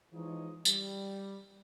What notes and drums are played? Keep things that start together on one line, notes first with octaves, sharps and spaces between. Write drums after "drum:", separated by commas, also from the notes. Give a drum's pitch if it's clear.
E3 F3 G#3 D#4 C#5 D#5
G3, drum: tambourine